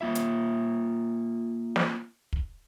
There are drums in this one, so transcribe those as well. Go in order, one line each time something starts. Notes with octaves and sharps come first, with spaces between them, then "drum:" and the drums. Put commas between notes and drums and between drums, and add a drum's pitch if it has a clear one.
A#3 F4 E5
drum: hi-hat
drum: snare
drum: kick